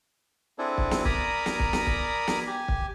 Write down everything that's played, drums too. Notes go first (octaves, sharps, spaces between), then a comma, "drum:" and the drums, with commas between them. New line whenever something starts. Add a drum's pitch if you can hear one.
C4 D4 E4 G#4 A4
drum: kick
drum: snare
A#4 D5 G#5 A#5 B5 D#6, drum: kick
drum: snare
drum: kick
drum: snare
drum: kick
drum: snare
G4 G#5
drum: kick